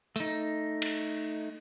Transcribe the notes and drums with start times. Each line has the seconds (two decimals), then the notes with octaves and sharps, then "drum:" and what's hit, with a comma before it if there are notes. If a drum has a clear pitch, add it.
0.16 A3 D#4, drum: open hi-hat
0.82 drum: cymbal